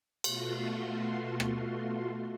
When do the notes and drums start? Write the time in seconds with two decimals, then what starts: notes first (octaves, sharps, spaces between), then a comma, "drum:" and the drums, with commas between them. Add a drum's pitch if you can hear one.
0.24 B2 A3 F4 F#4 C6, drum: cymbal
1.40 drum: rim click